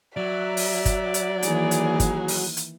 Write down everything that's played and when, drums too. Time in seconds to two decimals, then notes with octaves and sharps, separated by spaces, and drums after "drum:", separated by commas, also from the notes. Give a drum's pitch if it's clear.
0.17 F#3 D5 E5
0.57 drum: open hi-hat
0.85 drum: kick G1, hi-hat
1.14 drum: hi-hat
1.43 D#3 E3 A#3 G#4, drum: hi-hat
1.71 drum: hi-hat
2.00 drum: kick G1, hi-hat
2.28 drum: open hi-hat
2.57 drum: hi-hat